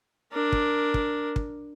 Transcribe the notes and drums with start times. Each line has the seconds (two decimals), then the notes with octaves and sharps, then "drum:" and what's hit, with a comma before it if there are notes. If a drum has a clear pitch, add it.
0.32 D4 A#4
0.52 drum: kick
0.94 drum: kick
1.36 drum: kick